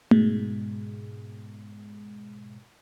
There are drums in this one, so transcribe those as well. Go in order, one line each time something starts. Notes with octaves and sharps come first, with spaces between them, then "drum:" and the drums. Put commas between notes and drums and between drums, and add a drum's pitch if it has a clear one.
G#2 B2 G#3, drum: tom A3